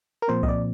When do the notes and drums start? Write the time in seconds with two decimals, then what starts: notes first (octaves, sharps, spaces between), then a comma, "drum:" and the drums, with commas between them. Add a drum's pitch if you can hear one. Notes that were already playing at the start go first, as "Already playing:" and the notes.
0.22 A#4
0.28 A#2 F3 C4 C5
0.43 D#5, drum: kick C2
0.48 D5